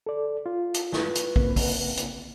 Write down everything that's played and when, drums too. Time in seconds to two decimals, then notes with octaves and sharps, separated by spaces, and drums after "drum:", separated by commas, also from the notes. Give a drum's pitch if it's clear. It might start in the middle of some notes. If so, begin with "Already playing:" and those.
0.06 A4 D5
0.46 F4
0.74 drum: hi-hat
0.93 B4, drum: snare
1.15 drum: hi-hat
1.36 C#3 A#3 C4, drum: kick
1.56 drum: kick, open hi-hat
1.97 drum: hi-hat